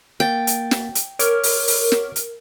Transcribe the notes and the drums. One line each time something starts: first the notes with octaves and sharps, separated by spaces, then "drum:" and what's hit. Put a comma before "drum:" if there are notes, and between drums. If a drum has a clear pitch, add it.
A#3 G5 A6
drum: hi-hat
drum: snare
drum: hi-hat
A#4 C#5 D6 F6, drum: hi-hat
drum: open hi-hat
drum: open hi-hat
drum: snare
drum: hi-hat